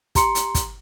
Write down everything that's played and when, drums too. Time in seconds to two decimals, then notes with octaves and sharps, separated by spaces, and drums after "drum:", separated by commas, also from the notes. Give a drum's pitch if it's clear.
0.15 G4 A#5 C6 C#7, drum: kick, hi-hat
0.35 drum: hi-hat
0.55 drum: kick, hi-hat